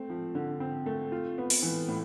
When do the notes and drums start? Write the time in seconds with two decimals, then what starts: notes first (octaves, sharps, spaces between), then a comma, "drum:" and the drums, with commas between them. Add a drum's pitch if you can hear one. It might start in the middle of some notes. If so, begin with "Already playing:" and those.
Already playing: A3 C4
0.10 F3
0.35 D3
0.60 C4
0.86 A3
1.12 F4
1.38 B3
1.50 drum: open hi-hat
1.63 E3
1.88 A2